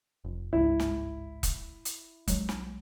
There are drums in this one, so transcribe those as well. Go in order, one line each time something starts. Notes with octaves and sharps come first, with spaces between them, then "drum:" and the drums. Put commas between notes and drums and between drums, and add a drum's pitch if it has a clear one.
F1
G1 C#2 G#2 E4
drum: snare
drum: kick E1, hi-hat
drum: hi-hat
B1 F#3 G#3, drum: kick E1, hi-hat
drum: snare